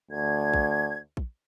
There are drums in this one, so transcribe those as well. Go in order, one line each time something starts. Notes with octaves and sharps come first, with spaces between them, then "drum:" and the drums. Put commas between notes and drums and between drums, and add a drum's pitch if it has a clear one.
D2 G#6
drum: kick A#1
drum: kick A#1